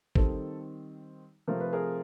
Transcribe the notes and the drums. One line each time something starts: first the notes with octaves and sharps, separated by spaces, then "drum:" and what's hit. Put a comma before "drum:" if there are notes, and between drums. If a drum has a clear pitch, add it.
D#3 G3 C4 A4, drum: kick A1
C3 F3 A3 C4 A#4
B4
G#4 A#4